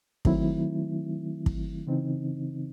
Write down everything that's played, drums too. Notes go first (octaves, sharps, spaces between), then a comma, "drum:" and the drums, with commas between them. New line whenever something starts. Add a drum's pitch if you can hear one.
D#3 F#3 A3 C4 E4, drum: kick
drum: kick
C#3 E3 C4 D#4